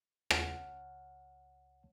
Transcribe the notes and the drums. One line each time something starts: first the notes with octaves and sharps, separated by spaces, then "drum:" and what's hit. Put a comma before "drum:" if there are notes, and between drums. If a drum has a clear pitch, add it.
C#2 C#5 F#5 A5 F6, drum: rim click